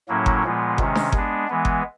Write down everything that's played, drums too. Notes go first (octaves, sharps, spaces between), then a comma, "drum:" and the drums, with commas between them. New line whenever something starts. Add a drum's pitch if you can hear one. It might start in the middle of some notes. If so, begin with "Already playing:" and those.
A2 F#3 A#3 C#4 E4
drum: kick G1
A#2 F3 G#3 B3
C3 D#3 G#3 C#4, drum: kick G1
drum: snare D4
G#3 B3 D4, drum: kick G1
E3 G#3 B3
drum: kick G1